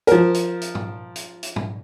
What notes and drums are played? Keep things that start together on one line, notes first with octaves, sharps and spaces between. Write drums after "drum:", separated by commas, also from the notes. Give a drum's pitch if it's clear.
F3 A#4, drum: hi-hat
drum: hi-hat
drum: hi-hat
drum: tom
drum: hi-hat
drum: hi-hat
drum: tom